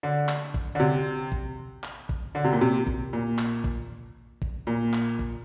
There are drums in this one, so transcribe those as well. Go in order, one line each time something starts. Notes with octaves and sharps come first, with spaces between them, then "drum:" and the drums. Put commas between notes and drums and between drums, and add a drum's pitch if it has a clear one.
D3
drum: clap
drum: kick
D3
C3
drum: kick
drum: clap
drum: kick
D3
C3
A#2
C3
drum: kick
A#2
drum: clap
drum: kick
drum: kick
A#2
drum: clap
drum: kick